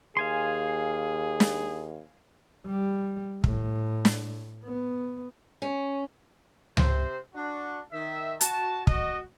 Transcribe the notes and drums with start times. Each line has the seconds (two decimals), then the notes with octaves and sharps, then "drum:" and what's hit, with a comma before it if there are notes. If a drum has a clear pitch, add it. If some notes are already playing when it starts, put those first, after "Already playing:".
0.17 D#2 G#4 F5 G#5 C6
1.40 drum: snare
2.66 G3
3.44 A2, drum: kick
4.05 drum: snare
4.66 B3
5.62 C#4
6.77 C3 C5, drum: tom C#2
7.34 D4 F#4
7.92 D#3 E5
8.41 F#4 A5, drum: hi-hat
8.87 F#4 D#5, drum: kick